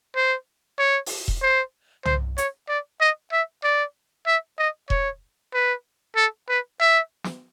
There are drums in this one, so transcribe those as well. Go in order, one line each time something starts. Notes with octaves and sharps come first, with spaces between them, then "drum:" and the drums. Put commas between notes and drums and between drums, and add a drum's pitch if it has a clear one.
C5
C#5
drum: open hi-hat
drum: kick E1
C5
C5, drum: tom
C#5, drum: hi-hat
D5
D#5
E5
D5
E5
D#5
C#5, drum: kick E1
B4
A4
B4
E5
drum: snare